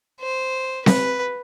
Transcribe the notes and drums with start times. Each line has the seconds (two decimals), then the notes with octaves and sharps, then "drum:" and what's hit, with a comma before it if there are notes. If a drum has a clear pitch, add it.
0.20 C5
0.86 B4, drum: snare C4